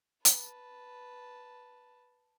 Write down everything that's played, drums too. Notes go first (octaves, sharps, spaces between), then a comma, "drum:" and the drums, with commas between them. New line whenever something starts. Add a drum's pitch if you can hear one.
B4 A5, drum: hi-hat